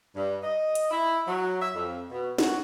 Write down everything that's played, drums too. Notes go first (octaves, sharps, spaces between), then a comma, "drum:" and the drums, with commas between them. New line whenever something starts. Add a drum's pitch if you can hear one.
G2
D#5
drum: hi-hat
E4
F#3
E5
F2
B2
F#4, drum: snare